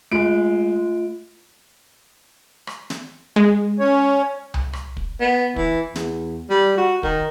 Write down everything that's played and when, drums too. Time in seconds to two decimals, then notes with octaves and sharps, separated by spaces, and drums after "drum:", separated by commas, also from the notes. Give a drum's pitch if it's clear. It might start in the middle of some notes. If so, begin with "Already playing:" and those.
0.12 G#3 A3 F4 D7
2.67 drum: rim click
2.90 drum: snare
3.36 G#3
3.79 C#4 C#5
4.54 drum: tom C2
4.73 drum: rim click
4.97 drum: kick
5.21 B3
5.56 E3, drum: kick
5.95 E2, drum: snare
6.50 G3
6.78 F#4
7.03 D#3, drum: kick